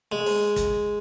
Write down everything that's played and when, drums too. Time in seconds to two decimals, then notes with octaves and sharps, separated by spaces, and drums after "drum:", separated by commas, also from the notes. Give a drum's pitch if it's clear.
0.12 G#3
0.26 drum: open hi-hat
0.56 drum: kick, hi-hat